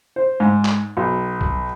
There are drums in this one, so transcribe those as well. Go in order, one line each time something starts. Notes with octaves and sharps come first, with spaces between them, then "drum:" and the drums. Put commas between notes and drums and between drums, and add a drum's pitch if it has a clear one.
C5
G#2
drum: clap
B1
drum: kick B1